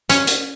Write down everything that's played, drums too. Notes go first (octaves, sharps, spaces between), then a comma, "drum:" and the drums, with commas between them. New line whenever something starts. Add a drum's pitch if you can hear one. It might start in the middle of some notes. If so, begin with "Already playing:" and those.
C#4, drum: hi-hat
drum: hi-hat